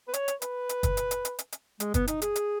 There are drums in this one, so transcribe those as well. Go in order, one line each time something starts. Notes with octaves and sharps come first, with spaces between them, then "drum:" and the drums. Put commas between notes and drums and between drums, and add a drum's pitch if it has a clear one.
B4
C#5, drum: hi-hat
drum: hi-hat
B4, drum: hi-hat
drum: hi-hat
drum: kick, hi-hat
drum: hi-hat
drum: hi-hat
drum: hi-hat
drum: hi-hat
drum: hi-hat
G#3, drum: hi-hat
B3, drum: kick, hi-hat
D#4, drum: hi-hat
G#4, drum: hi-hat
drum: hi-hat